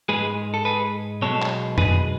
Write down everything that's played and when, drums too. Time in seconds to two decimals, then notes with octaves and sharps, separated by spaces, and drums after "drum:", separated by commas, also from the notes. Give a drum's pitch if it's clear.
0.09 G#2 G#3 G#4 B4
0.54 A4
0.65 G#4 B4
1.22 B1 B2 G#3 A4 C#5
1.43 drum: clap
1.78 G#4 B4, drum: tom F2